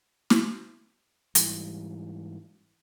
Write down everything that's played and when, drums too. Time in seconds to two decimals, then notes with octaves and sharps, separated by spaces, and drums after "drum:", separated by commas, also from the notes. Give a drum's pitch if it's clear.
0.30 drum: snare
1.35 G#2 E3 G3, drum: hi-hat